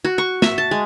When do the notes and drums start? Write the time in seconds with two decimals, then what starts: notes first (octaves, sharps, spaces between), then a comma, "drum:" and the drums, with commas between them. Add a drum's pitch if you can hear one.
0.05 F#4
0.18 C#6
0.42 E5, drum: snare
0.58 A5
0.71 G#3